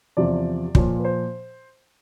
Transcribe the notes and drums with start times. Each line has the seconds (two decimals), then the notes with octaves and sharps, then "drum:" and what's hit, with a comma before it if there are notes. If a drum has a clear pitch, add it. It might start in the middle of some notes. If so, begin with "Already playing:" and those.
0.17 E2 C3 F3 D5
0.75 A#2 F3 C#5, drum: kick
1.00 B4
1.05 C5